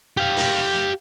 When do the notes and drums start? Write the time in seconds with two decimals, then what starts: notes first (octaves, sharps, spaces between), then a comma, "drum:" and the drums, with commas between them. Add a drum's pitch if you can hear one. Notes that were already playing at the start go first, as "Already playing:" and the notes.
0.17 G4 F5
0.37 drum: open hi-hat